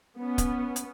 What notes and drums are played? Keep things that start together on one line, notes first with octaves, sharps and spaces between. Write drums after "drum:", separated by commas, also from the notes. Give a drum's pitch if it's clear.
B3 C#4
drum: kick D1, hi-hat
drum: hi-hat